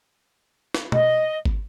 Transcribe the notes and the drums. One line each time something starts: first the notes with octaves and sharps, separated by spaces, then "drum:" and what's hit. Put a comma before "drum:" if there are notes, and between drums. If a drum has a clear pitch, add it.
drum: snare
D#5, drum: tom
drum: kick G1